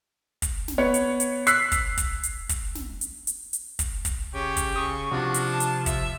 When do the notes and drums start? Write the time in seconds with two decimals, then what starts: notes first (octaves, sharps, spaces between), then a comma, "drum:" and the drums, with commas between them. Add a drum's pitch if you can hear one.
0.42 drum: kick, hi-hat
0.68 drum: snare
0.78 B3 C#5
0.94 drum: hi-hat
1.20 drum: hi-hat
1.47 E6 F#6 B6 C7, drum: hi-hat
1.72 drum: kick, hi-hat
1.98 drum: kick, hi-hat
2.23 drum: hi-hat
2.49 drum: kick, hi-hat
2.75 drum: snare
3.01 drum: hi-hat
3.27 drum: hi-hat
3.53 drum: hi-hat
3.79 drum: kick, hi-hat
4.05 drum: kick, hi-hat
4.34 C#3 G4 C#5
4.57 drum: kick, hi-hat
4.76 C#3 C#6 D#6
5.12 C3 F3 D4 F#4
5.34 drum: hi-hat
5.50 A5
5.60 drum: hi-hat
5.86 E5, drum: kick, hi-hat